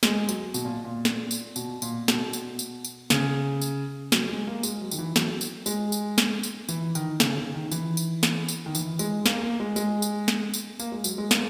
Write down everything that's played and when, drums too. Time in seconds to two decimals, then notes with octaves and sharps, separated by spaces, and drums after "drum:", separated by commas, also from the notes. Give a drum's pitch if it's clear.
0.03 G#3, drum: snare
0.29 F#3, drum: tambourine
0.54 B2, drum: tambourine
0.65 A#2
0.84 A#2
1.05 drum: snare
1.31 drum: tambourine
1.56 B2, drum: tambourine
1.82 A#2, drum: tambourine
2.08 B2, drum: snare
2.33 drum: tambourine
2.59 drum: tambourine
2.85 drum: tambourine
3.10 C#3, drum: snare
3.61 drum: tambourine
4.12 F#3, drum: snare
4.29 G#3
4.47 A#3
4.63 G#3, drum: tambourine
4.81 F#3
4.91 D#3, drum: tambourine
4.99 E3
5.16 F#3, drum: snare
5.41 drum: tambourine
5.66 G#3, drum: tambourine
5.92 drum: tambourine
6.18 drum: snare
6.43 drum: tambourine
6.69 E3, drum: tambourine
6.95 D#3, drum: tambourine
7.20 C#3, drum: snare
7.37 C#3
7.54 D#3
7.71 E3, drum: tambourine
7.97 drum: tambourine
8.23 drum: snare
8.48 drum: tambourine
8.66 D#3
8.75 E3, drum: tambourine
8.99 G#3, drum: tambourine
9.26 A#3, drum: snare
9.43 A#3
9.60 G#3
9.76 G#3, drum: tambourine
10.02 drum: tambourine
10.28 drum: snare
10.54 drum: tambourine
10.80 A#3, drum: tambourine
10.92 G#3
11.04 F#3, drum: tambourine
11.18 G#3
11.31 A#3, drum: snare